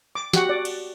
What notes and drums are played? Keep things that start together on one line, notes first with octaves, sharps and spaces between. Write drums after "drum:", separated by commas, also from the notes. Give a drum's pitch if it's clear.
D6
F#4 G4 F#5, drum: snare
D5
drum: cymbal